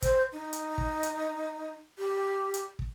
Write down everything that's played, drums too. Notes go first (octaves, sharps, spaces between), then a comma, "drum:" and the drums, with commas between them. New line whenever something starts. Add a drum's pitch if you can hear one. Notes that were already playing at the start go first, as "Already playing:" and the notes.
C5, drum: kick, hi-hat
D#4
drum: hi-hat
drum: kick
drum: hi-hat
G4
drum: hi-hat
drum: kick